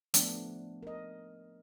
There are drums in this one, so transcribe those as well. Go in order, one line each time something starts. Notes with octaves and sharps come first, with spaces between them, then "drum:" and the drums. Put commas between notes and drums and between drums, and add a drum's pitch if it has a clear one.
F3 A3 B3 D4, drum: hi-hat
A#4 D#5